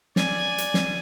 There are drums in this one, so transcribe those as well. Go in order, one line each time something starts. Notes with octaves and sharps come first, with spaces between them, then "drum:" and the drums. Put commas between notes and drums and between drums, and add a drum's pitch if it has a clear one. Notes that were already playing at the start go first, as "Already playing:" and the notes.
D5 G#5, drum: snare
drum: hi-hat
drum: snare